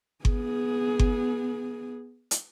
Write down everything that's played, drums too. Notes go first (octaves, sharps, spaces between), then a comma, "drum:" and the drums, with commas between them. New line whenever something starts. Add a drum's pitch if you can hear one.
B3 G#4, drum: kick G1
drum: kick G1
drum: hi-hat